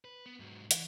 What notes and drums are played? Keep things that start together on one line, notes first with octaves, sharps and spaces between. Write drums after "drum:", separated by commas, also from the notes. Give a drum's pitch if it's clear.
B4
B3
G#2 F#3
E3, drum: hi-hat